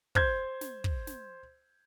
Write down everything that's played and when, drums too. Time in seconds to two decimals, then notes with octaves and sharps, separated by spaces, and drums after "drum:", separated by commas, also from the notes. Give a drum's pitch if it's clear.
0.15 C5 G6 G#6, drum: kick
0.61 drum: snare
0.84 drum: kick
1.07 drum: snare